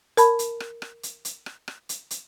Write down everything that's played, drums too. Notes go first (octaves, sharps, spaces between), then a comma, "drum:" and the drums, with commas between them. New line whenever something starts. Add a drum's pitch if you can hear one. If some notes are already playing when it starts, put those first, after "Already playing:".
A#4 A5 B5, drum: hi-hat
drum: hi-hat
drum: rim click
drum: rim click
drum: hi-hat
drum: hi-hat
drum: rim click
drum: rim click
drum: hi-hat
drum: hi-hat